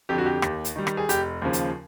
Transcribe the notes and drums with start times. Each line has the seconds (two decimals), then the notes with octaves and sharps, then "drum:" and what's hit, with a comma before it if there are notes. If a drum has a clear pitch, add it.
0.09 F2 D3 G4
0.18 F#4
0.26 G4
0.42 D#2, drum: rim click
0.65 drum: hi-hat
0.76 D#3 G3
0.87 drum: rim click
0.97 G#4
1.09 F1 G4, drum: hi-hat
1.42 D#2 C#3 F3
1.53 drum: hi-hat